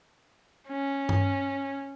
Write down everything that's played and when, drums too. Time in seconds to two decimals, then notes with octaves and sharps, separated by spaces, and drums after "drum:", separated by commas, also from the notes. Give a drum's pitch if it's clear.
0.68 C#4
1.09 drum: tom G2